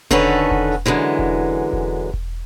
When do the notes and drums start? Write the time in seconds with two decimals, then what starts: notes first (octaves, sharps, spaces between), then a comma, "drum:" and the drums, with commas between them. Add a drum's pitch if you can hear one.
0.11 D3 D#3 C#4 F#4 A4 B4, drum: kick E1
0.51 drum: kick E1
0.86 F#2 D3 E3 G#3
1.19 drum: kick E1
1.73 drum: kick E1
2.14 drum: kick E1